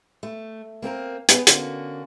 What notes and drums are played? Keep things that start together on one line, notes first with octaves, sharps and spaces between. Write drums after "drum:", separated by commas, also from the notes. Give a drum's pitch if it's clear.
A3
A#3 C4 A4 A#4
B3 G#4, drum: hi-hat
D3 A#3 C#4 F#4, drum: hi-hat